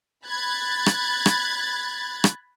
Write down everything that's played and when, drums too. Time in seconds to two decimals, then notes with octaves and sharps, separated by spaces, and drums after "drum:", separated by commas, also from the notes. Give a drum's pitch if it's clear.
0.27 B5 F#6 G#6 A6
0.86 drum: rim click
1.26 drum: rim click
2.24 drum: rim click